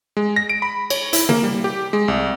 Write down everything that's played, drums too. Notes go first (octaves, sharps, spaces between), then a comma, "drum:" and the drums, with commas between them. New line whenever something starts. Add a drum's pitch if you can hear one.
G#3
A#6
D7
B5
C#5, drum: cymbal
E4, drum: hi-hat
A#3, drum: tom
G3
G4
G#3
C2